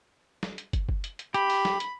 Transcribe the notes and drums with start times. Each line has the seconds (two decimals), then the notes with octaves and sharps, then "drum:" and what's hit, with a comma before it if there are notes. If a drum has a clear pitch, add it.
0.43 drum: snare
0.58 drum: hi-hat
0.73 drum: kick, hi-hat
0.89 drum: kick
1.04 drum: hi-hat
1.19 drum: hi-hat
1.34 G4 B5, drum: hi-hat
1.50 drum: open hi-hat
1.65 drum: snare
1.80 drum: hi-hat